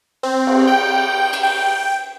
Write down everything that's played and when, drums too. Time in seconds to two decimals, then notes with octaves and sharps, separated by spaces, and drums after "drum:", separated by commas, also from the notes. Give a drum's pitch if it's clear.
0.23 C4
0.47 drum: cymbal
0.67 G5
1.33 drum: cymbal
1.43 G5